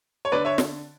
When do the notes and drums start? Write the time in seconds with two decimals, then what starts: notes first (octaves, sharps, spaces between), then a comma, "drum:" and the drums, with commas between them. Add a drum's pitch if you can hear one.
0.25 C#5
0.32 D3 B4 D5
0.45 C#5 E5
0.58 drum: snare